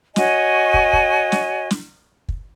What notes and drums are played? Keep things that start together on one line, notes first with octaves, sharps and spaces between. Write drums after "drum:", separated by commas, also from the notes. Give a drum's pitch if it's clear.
F#4 C#5 D#5 G#5, drum: snare
drum: kick
drum: kick
drum: snare
drum: snare
drum: kick